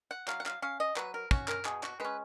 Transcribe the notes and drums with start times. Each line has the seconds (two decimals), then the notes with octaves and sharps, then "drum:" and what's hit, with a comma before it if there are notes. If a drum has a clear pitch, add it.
0.11 F#5
0.28 F#3 F5, drum: clap
0.40 F#5
0.46 F5, drum: clap
0.62 C#4 F5
0.80 D#5
0.96 F#3 B4, drum: clap
1.14 A#4
1.31 C#4 F#4, drum: kick
1.48 A#4, drum: clap
1.65 B2 G#4, drum: clap
1.83 F#4, drum: clap
2.00 G#3 C#4 B4